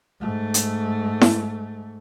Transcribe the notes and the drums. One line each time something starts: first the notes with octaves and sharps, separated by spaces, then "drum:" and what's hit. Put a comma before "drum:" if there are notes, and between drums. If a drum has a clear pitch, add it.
G#2 A3
drum: hi-hat
drum: snare E4